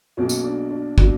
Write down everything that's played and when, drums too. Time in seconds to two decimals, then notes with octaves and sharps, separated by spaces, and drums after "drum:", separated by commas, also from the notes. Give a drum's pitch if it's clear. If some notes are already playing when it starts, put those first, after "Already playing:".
0.17 B1 B2 F#3 A#3 C#4
0.29 drum: tambourine
0.44 D4
0.70 D4
0.98 B2 F#3 A#3 D4, drum: kick